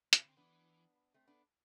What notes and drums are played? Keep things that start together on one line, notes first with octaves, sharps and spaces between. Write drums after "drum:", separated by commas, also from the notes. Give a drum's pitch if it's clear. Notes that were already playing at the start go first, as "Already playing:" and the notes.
C3, drum: hi-hat
B3
D3 C4
E3 B3 D4
A3 C4
B3 D4